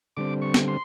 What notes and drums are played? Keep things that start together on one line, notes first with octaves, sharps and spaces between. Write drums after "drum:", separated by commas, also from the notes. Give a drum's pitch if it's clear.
D3 G3 C4 D6
C#6
drum: snare
C6